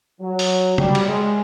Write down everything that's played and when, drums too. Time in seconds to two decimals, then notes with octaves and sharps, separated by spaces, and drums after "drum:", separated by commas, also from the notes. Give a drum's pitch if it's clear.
0.21 F#3
0.39 drum: open hi-hat
0.78 G3, drum: tom
0.95 drum: cymbal
1.08 G#3